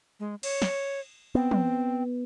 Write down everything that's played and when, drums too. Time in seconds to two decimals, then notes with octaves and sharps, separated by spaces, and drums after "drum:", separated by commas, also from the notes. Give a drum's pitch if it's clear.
0.20 G#3
0.43 C#5, drum: cymbal
0.62 drum: snare
1.35 B3 C4
1.51 drum: tom